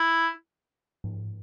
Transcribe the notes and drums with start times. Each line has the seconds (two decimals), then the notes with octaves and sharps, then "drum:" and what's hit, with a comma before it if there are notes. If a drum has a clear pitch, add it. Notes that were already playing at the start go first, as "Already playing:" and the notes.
Already playing: E4
1.04 drum: tom G#2